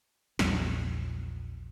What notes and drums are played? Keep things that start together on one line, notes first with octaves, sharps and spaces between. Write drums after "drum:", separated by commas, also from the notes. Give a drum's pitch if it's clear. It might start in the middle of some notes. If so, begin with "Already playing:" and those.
A#1 E2 F3, drum: snare